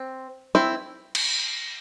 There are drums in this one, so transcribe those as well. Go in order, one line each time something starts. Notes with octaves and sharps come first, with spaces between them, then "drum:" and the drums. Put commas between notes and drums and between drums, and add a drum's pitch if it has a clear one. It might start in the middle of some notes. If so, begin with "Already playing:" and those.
Already playing: C4
C4 E4
drum: cymbal